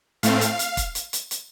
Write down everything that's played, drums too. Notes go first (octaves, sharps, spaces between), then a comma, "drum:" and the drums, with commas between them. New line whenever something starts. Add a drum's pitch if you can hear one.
A2 A3 C4 F5, drum: hi-hat
drum: hi-hat
drum: hi-hat
drum: kick, hi-hat
drum: hi-hat
drum: hi-hat
drum: hi-hat